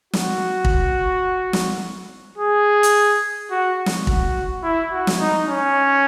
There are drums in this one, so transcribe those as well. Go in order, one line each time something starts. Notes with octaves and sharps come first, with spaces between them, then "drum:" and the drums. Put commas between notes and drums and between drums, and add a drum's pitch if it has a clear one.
F#4, drum: snare
drum: kick
drum: snare
G#4
drum: hi-hat
F#4
drum: snare
F#4, drum: kick
E4
F#4
drum: snare
D#4
C#4